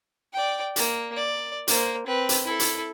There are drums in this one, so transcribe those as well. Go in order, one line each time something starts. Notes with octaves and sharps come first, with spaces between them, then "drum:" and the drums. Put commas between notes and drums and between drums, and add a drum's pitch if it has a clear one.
D5 G5
A#3, drum: hi-hat
D5
A#3 C5, drum: hi-hat
C4 B4
drum: hi-hat
E4 A4
drum: hi-hat